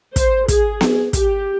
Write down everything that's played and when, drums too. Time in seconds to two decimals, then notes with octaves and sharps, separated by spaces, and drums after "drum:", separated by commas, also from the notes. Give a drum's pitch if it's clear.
0.16 C5, drum: kick, hi-hat
0.48 G#4, drum: kick, hi-hat
0.81 drum: snare B3
1.13 G4, drum: kick, hi-hat